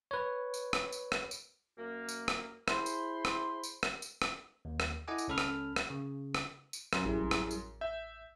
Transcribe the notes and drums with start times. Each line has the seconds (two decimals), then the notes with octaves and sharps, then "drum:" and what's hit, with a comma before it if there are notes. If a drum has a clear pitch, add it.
0.11 B4 C#5
0.54 drum: tambourine
0.73 drum: rim click
0.92 drum: tambourine
1.12 drum: rim click
1.31 drum: tambourine
1.78 F#2 A#3
2.09 drum: tambourine
2.28 drum: rim click
2.68 E4 G#4 C5 B5 C6, drum: rim click
2.86 drum: tambourine
3.25 drum: rim click
3.63 drum: tambourine
3.83 drum: rim click
4.02 drum: tambourine
4.22 drum: rim click
4.65 D#2
4.80 drum: rim click
5.08 E4 A4 D#5 F#5 G#5 D6
5.18 drum: tambourine
5.28 C#2 C#4 A4 B5 F6
5.38 drum: rim click
5.76 drum: rim click
5.90 C#3
6.35 drum: rim click
6.73 drum: tambourine
6.93 F#2, drum: rim click
7.05 A1 G3 E4 G#4
7.22 A1
7.31 drum: rim click
7.51 drum: tambourine
7.81 E5 G6